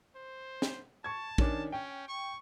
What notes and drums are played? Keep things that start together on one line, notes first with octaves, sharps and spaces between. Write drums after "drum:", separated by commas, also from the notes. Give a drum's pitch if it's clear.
C5
drum: snare
A5 C#6 G#6
D#3 C#4 D4, drum: kick
C#4 G5
C#6